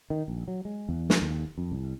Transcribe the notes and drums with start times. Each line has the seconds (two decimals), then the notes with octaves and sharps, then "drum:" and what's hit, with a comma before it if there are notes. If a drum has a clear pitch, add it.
0.10 D#3
0.28 A#1
0.48 F#3
0.65 G#3
0.89 E2
1.10 drum: snare
1.22 D#2
1.58 F2
1.72 C2